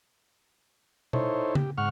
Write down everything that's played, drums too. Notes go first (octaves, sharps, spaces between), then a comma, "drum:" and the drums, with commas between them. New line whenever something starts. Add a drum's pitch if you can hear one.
D#4 E4 A4 C5 C#5, drum: tom B2
G4, drum: tom C#3
G#2 F#5 C#6 F6